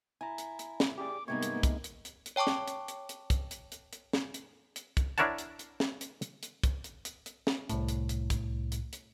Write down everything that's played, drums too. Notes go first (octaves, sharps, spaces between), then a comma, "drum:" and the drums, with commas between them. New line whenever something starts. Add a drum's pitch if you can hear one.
E4 G#5 A#5
drum: hi-hat
drum: hi-hat
drum: snare
G4 G#4 D5 D6
G2 C3 G#3 A#3 B3 D#4 C#6 G#6
drum: hi-hat
drum: kick, hi-hat
drum: hi-hat
drum: hi-hat
drum: hi-hat
C#5 G5 A5 C#6 D6
drum: snare
drum: hi-hat
drum: hi-hat
drum: hi-hat
drum: kick, hi-hat
drum: hi-hat
drum: hi-hat
drum: hi-hat
drum: snare
drum: hi-hat
drum: hi-hat
drum: kick, hi-hat
D4 E4 A#4 C#5 F#5 A5, drum: hi-hat
drum: hi-hat
drum: hi-hat
drum: snare
drum: hi-hat
drum: hi-hat
drum: hi-hat
drum: kick, hi-hat
drum: hi-hat
drum: hi-hat
drum: hi-hat
drum: snare
C2 A2, drum: hi-hat
drum: hi-hat
drum: hi-hat
drum: kick, hi-hat
drum: hi-hat
drum: hi-hat